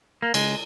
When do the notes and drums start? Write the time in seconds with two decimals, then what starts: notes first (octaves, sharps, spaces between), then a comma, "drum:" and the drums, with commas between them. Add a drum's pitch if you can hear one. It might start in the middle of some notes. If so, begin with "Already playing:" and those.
0.22 A#3
0.34 C#2 G#3, drum: cymbal